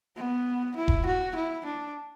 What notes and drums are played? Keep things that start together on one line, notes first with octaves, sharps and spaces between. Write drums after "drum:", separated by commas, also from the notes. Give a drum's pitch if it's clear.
B3
E4
drum: kick E1
F#4
E4
D4